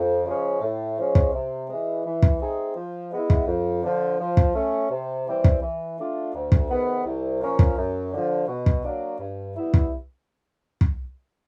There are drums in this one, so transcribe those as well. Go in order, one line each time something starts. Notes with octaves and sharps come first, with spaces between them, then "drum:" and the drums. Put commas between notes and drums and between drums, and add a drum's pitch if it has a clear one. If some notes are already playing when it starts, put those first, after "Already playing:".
Already playing: F2
C#3 F3 G#3 C#4
A2
F3 G#3 C#4
drum: kick
C3
E3 G#3
E3
drum: kick
A3 C4 D#4 G#4
F3
G#3 B3 E4
drum: kick
F2
D3 F3
F3
drum: kick
A3 C#4
C3
E3 G3 C4
drum: kick
E3
A3 D4 F4
D2
drum: kick
C3 D#3 G#3 B3
C2
A#2 F3 A#3 C#4
drum: kick
F#2
D3 F3
B2
drum: kick
F#3 A#3 D4
G2
E3 G3 B3 E4
drum: kick
drum: kick